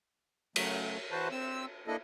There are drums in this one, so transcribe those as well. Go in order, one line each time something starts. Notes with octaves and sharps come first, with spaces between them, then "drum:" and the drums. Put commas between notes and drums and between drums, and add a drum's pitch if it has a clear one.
C#3 F#3 A3, drum: cymbal
E3 F#4 B4 C5 A5
C4 E6
A#3 D4 E4 A4 D#5